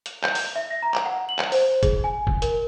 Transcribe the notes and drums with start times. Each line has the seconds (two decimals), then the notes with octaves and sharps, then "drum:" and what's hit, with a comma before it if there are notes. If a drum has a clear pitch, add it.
0.06 drum: hi-hat
0.23 G6, drum: clap
0.35 drum: open hi-hat
0.56 E5
0.70 A#6
0.83 A#5
0.94 drum: clap
1.06 F#5
1.29 F#7
1.38 drum: clap
1.52 C5, drum: open hi-hat
1.83 G#4, drum: kick, hi-hat
2.04 G#5
2.27 drum: kick
2.42 A#4, drum: hi-hat